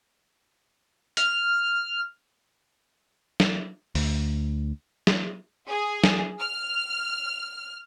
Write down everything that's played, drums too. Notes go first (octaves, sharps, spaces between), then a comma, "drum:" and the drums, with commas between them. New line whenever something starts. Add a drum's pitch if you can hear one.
F6, drum: hi-hat
drum: snare
D2, drum: open hi-hat
drum: snare
G#4
drum: snare
F6